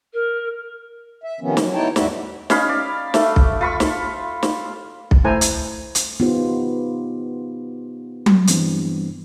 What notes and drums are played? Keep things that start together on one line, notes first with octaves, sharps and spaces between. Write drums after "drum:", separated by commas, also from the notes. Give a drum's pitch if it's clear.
A#4
E5
C3 D#3 F3 B3 C#4
F#3, drum: snare
B3 D#4 E4 C#5 G5 A5
E2 A2 G3 F#4 E5, drum: snare
C#4 D#4 F5 B5, drum: snare
D5
A3, drum: snare
drum: kick B1
F4 B5 C#6
drum: snare
drum: snare
drum: kick B1
A3 E4 A4 C5 G#5 A#5
drum: hi-hat
drum: hi-hat
B3 D#4 F4 G4 C5
drum: tom F#3
G2 E3 G3 B3 C4 D4, drum: hi-hat